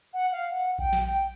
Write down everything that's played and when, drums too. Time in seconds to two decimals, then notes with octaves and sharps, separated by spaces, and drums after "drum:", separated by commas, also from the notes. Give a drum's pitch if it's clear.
0.13 F#5
0.32 F5
0.50 F#5
0.78 G5, drum: kick A#1
0.93 drum: snare
1.07 G5